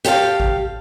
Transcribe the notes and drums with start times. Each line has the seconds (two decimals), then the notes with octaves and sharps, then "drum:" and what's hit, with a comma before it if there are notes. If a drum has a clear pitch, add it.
0.05 G4 A4 C5 F5 G5
0.40 drum: kick G#1